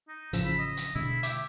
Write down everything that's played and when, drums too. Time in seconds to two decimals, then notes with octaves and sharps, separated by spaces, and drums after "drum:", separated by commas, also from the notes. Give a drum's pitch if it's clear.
0.08 D#4
0.33 A1 C#3 F3 E6, drum: hi-hat
0.45 B5
0.59 D#5
0.77 drum: hi-hat
0.95 B2 D3 G#3 E4
1.23 G4 E5, drum: hi-hat